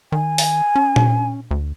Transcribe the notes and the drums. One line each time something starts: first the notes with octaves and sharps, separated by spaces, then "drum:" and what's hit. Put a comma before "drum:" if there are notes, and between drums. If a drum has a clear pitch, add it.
D#3 G#5
drum: open hi-hat
C#4
drum: tom A#2
D2